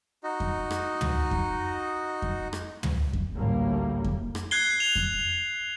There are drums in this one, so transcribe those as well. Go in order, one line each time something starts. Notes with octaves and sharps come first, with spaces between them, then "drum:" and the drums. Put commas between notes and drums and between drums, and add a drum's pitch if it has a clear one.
D#4 F#4 D#5
drum: kick F2
drum: rim click
drum: tom
drum: kick F2
drum: kick F2
drum: rim click
drum: tom
drum: kick F2
A1 D2 A2 G3 A#3
drum: kick F2
drum: rim click
F#6 G#6 C7 G7
F7
drum: kick F2